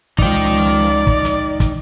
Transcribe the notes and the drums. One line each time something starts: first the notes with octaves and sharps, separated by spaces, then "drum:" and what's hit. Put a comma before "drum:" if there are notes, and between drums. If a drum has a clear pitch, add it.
C#2 F3 D#4 D5 G5, drum: kick
drum: kick
drum: hi-hat
drum: kick, hi-hat